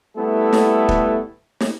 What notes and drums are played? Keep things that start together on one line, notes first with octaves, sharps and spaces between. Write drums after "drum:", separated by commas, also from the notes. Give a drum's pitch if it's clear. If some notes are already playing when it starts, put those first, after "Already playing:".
G3 A3 B3 E4 A4
drum: snare
drum: kick
drum: snare